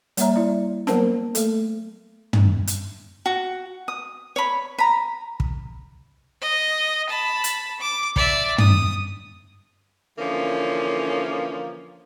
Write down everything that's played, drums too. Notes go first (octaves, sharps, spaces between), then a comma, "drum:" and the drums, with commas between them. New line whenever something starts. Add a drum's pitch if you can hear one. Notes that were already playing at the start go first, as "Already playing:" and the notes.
G3 A#3 C#5 E5 A#5, drum: hi-hat
E4 D5
F#3 A#3 B3 A#4 C5 A5, drum: snare
A3 A4, drum: hi-hat
drum: tom
drum: hi-hat
F#4
D#6
C#5 B5
A#5 B5
drum: kick
D#5
A5 B5
drum: hi-hat
D6
D5 E5, drum: kick
D#6, drum: tom
D3 E3 F3 A#3 C#4